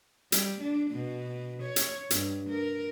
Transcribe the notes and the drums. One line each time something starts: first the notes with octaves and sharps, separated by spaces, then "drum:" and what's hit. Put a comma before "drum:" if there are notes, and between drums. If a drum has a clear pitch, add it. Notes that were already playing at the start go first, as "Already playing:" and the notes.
G3, drum: hi-hat
D4
B2
C#5
drum: hi-hat
G2, drum: hi-hat
A#4